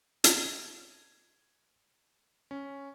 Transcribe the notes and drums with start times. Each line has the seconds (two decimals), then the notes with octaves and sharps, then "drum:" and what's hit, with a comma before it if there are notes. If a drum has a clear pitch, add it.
0.24 G#6, drum: hi-hat
2.51 C#4